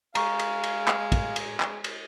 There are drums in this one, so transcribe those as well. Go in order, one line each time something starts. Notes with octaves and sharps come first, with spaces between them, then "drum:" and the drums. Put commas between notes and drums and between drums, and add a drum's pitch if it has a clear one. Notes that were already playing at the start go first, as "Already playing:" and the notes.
G#3 F5 A#5 C#6, drum: cymbal
drum: cymbal
drum: cymbal
drum: clap
drum: kick, cymbal
drum: cymbal
drum: clap
drum: cymbal